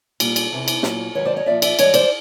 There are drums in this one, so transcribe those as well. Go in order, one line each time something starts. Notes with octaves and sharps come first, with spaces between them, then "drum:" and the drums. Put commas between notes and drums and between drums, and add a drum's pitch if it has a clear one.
A#2 G3, drum: cymbal
drum: cymbal
E2 C3 E3
drum: cymbal
A#2 F#3, drum: snare
G#2 D#3 F#3 B4 C#5
C5 D5
C#5 D#5
A#2 F3 D5 E5
D5 E5, drum: cymbal
G#2 E3 G3 C#5 D#5, drum: cymbal
C5 D5, drum: cymbal